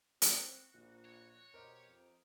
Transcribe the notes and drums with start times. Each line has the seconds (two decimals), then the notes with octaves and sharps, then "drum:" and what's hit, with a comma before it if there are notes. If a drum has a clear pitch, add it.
0.22 C4 F#4, drum: hi-hat
0.74 A#1 A#2
1.05 C#5
1.54 B2 G4 A#4 C5 D#5
1.86 F2